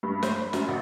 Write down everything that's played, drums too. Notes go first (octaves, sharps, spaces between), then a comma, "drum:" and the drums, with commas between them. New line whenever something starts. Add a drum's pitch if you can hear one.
G2
C5, drum: snare
B5
F#2, drum: snare
A1